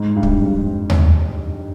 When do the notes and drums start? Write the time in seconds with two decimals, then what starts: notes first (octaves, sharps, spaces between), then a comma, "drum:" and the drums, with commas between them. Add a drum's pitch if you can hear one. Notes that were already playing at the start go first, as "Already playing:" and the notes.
Already playing: G#2
0.16 G2
0.23 G#2, drum: kick
0.30 G2
0.40 F2
0.90 drum: tom D#2